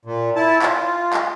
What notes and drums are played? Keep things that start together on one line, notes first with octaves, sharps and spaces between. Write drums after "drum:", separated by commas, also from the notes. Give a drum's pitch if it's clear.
A#2
E4 A5
F4, drum: clap
drum: clap